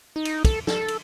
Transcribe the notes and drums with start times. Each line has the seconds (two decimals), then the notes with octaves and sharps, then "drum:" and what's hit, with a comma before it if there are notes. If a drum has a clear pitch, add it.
0.16 D#4
0.25 drum: cymbal
0.45 A4, drum: kick, cymbal
0.67 A4, drum: snare
0.88 drum: cymbal